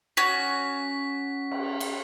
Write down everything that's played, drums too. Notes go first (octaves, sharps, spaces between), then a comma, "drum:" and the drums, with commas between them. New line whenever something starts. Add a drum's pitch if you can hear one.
C#4 F#4 B6
drum: cymbal
drum: cymbal